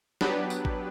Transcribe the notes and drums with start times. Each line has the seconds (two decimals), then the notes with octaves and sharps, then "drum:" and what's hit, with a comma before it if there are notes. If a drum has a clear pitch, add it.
0.21 F#3 B3 D4 G4 B4, drum: snare
0.50 drum: tambourine
0.65 drum: kick G#1